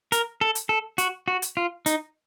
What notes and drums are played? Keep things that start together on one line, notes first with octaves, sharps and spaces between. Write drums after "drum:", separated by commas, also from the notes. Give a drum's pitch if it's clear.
A#4, drum: hi-hat
A4
drum: hi-hat
A4
F#4, drum: hi-hat
F#4
drum: hi-hat
F4
D#4, drum: hi-hat